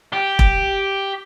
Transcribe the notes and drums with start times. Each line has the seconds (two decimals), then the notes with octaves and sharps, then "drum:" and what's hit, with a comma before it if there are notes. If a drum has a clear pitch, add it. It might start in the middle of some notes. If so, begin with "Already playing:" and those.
0.13 G4
0.39 drum: kick E1